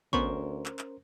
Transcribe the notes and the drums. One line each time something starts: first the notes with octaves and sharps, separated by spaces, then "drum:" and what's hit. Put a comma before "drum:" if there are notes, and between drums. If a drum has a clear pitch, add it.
D2 B3 C#4 A#4 C5 B5 C#6, drum: kick
drum: clap
drum: clap